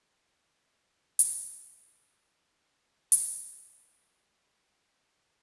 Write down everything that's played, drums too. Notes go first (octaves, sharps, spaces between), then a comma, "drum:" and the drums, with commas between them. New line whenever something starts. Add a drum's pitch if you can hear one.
A2 A#4 A5 F#6 C#7
drum: hi-hat
B2
drum: hi-hat
C#2
D#5
B4
F#4